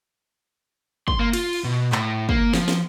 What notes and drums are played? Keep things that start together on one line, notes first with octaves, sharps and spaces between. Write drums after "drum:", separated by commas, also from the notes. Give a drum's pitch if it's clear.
C6, drum: kick
A#3
F4, drum: cymbal
drum: cymbal
B2
A2, drum: clap
A#3, drum: kick
F3, drum: snare
drum: snare